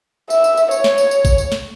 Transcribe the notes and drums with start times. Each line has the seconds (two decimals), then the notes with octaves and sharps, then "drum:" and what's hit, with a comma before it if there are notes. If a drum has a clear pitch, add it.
0.30 E5, drum: tambourine
0.44 drum: tambourine
0.57 drum: tambourine
0.71 C#5, drum: tambourine
0.84 drum: snare
0.98 drum: tambourine
1.11 drum: tambourine
1.25 drum: kick A1, tambourine
1.38 drum: tambourine
1.52 drum: snare